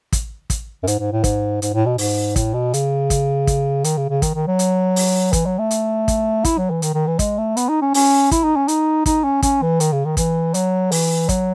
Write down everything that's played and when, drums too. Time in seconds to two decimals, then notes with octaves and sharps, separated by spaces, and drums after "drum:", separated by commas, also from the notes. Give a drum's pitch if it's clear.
0.13 drum: kick, hi-hat
0.50 drum: kick, hi-hat
0.83 F#2
0.87 G#2, drum: hi-hat
0.99 G#2
1.12 A2
1.24 G#2, drum: kick, hi-hat
1.62 G#2, drum: hi-hat
1.74 A2
1.86 B2
1.98 G#2, drum: open hi-hat
2.36 A2, drum: kick, hi-hat
2.54 B2
2.74 C#3, drum: hi-hat
3.10 drum: kick, hi-hat
3.47 drum: kick, hi-hat
3.84 D#3, drum: hi-hat
3.97 C#3
4.09 C#3
4.22 D#3, drum: kick, hi-hat
4.35 D#3
4.47 F#3
4.59 drum: hi-hat
4.96 drum: open hi-hat
5.33 E3, drum: kick, hi-hat
5.45 F#3
5.58 A3
5.71 drum: hi-hat
6.08 drum: kick, hi-hat
6.45 E4, drum: kick, hi-hat
6.58 F#3
6.70 E3
6.82 D#3, drum: hi-hat
6.94 D#3
7.07 E3
7.19 G#3, drum: kick, hi-hat
7.38 A3
7.57 B3, drum: hi-hat
7.69 D#4
7.81 C#4
7.94 C#4, drum: open hi-hat
8.31 E4, drum: kick, hi-hat
8.44 D#4
8.56 C#4
8.68 D#4, drum: hi-hat
9.06 D#4, drum: kick, hi-hat
9.24 C#4
9.42 C#4, drum: kick, hi-hat
9.62 E3
9.80 D#3, drum: hi-hat
9.92 C#3
10.05 D#3
10.17 E3, drum: kick, hi-hat
10.54 F#3, drum: hi-hat
10.92 E3, drum: open hi-hat
11.29 F#3, drum: kick, hi-hat